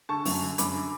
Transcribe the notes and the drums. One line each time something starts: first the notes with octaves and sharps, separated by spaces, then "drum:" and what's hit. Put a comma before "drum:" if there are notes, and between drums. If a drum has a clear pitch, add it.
D3 A5 C#6
F#2, drum: open hi-hat
D3
F#2 B5 D6, drum: hi-hat
D3